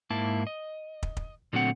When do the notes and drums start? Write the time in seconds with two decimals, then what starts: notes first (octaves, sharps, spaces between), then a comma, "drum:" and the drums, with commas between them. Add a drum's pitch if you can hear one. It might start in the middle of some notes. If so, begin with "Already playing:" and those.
0.10 G#2 A#3 E4 A5
0.47 D#5
1.03 drum: kick
1.17 drum: kick
1.53 A#2 D3 F#3 A3 C4 F#5